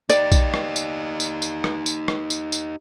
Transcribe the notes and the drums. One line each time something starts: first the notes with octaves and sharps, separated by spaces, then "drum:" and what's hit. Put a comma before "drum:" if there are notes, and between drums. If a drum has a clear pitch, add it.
D#4 G4 D5, drum: tambourine
drum: kick A#1, tambourine
drum: rim click
drum: tambourine
drum: tambourine
drum: tambourine
drum: rim click
drum: tambourine
drum: rim click
drum: tambourine
drum: tambourine